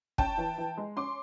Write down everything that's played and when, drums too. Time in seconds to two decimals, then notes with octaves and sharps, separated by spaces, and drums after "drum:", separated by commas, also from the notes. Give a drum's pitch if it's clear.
0.18 C#4 G5 A5, drum: kick
0.37 E3
0.58 E3
0.77 G#3
0.96 C#4 C6 D6